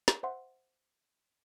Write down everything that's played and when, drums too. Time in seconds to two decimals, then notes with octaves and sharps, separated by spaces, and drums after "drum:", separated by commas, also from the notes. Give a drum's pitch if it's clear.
0.08 drum: snare
0.23 C5 E5 F#5 C6